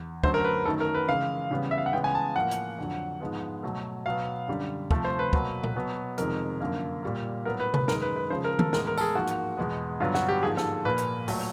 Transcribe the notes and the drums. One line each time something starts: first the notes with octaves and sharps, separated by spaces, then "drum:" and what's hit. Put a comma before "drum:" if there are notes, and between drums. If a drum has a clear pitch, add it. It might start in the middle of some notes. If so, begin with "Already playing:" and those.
Already playing: E2
F#2 D3 F#3 A3 C5, drum: kick
A#4
B4
F#2 D#3 F#3 A3 A4
A#4
B4
C#3 E3 G#3 F5
C#3 E3 G3 B3
E5
F5
F#5
C#3 E3 G#3 B3 G5
G#5
A5
A2 F3 A#3 F#5
drum: hi-hat
F2 D3 F#3
G#2 F3 G#3 B3
B2 F#3 A3
B2 F#3 B3 F5
F#2 D3 G3
C3 F3 A3, drum: kick
C5
B4
B2 F#3 A#3, drum: kick
drum: tom A#2
B2 F#3 B3
F2 C3 D#3 G#3 A#4, drum: hi-hat
F#2 D3 F3 A#3
A#2 G3 A#3
A2 F#3 B3 A#4
B4
B4, drum: tom C3
F#2 D#3 G#3 A#4, drum: snare
B4
B4
C#3 F3 G#3 C5
A#4
A4, drum: tom D#3
A2 E3 G#3 B3 A#4, drum: snare
A#4
A4, drum: tambourine
G#4
G#2 F3 A#3 F#4
drum: hi-hat
E2 B2 G#3 B3
G2 D3 F#3 B3 F4
F#4, drum: snare
G4
G#2 F3 A#3 G#4
A4, drum: snare
A#2 F3 A#3 B4
drum: hi-hat
A#2 F#3 A3, drum: open hi-hat